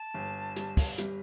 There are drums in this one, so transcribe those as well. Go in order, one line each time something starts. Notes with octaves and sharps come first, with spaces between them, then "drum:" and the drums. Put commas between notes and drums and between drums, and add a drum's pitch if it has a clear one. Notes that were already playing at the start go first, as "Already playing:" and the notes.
Already playing: A5
G1
G3, drum: hi-hat
drum: kick, open hi-hat
G3, drum: hi-hat